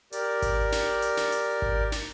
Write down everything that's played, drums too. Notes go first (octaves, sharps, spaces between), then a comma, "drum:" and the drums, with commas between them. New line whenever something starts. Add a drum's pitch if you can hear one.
G4 A#4 D5, drum: hi-hat
drum: kick G#1, hi-hat
drum: snare
drum: hi-hat
drum: snare
drum: hi-hat
drum: kick G#1
drum: snare